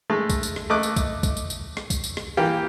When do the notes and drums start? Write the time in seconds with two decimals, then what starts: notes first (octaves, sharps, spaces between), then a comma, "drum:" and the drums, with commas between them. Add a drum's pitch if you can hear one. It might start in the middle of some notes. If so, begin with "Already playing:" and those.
0.10 G#3 A3
0.30 drum: kick, tambourine
0.43 drum: tambourine
0.56 drum: rim click
0.70 A3 D#5 D6 F#6
0.83 drum: tambourine
0.96 drum: kick, tambourine
1.23 drum: kick, tambourine
1.37 drum: tambourine
1.50 drum: tambourine
1.77 drum: rim click
1.90 drum: kick, tambourine
2.04 drum: tambourine
2.17 drum: rim click
2.37 E3 A#3 F4 G4